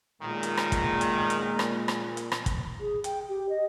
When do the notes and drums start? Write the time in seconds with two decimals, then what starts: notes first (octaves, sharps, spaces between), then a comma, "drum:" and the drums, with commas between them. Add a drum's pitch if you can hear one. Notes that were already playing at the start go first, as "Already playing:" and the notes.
0.22 B1 A#2 D#3 G#3
0.43 drum: hi-hat
0.57 drum: rim click
0.72 drum: kick, hi-hat
1.01 drum: hi-hat
1.30 drum: hi-hat
1.59 drum: rim click
1.88 drum: rim click
2.17 drum: hi-hat
2.32 drum: rim click
2.46 drum: kick, hi-hat
2.80 G#4
3.04 G5, drum: hi-hat
3.29 G4
3.49 D#5